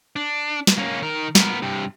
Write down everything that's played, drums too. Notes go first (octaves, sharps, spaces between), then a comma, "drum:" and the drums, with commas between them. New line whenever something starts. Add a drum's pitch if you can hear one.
D4
drum: snare
A#3 C#4
D#3 A#4
B3 A#4, drum: snare
G2 C3